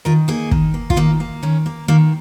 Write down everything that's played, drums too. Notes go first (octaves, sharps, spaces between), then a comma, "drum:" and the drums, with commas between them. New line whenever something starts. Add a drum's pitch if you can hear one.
D#3 F4 A#4
A#3 D#4 G#4
D#3, drum: kick
A#3
F4, drum: kick
D#3 A#3 D#4
A#3
D#3 C#4
A#3
D#3 A#3